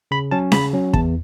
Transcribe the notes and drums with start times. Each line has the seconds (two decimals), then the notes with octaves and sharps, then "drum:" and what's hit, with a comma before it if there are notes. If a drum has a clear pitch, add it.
0.11 C#3 B5
0.31 F#3 C#4 A5
0.52 C#3 B5, drum: snare C#4
0.73 F#3 C#4
0.94 E2 A5, drum: kick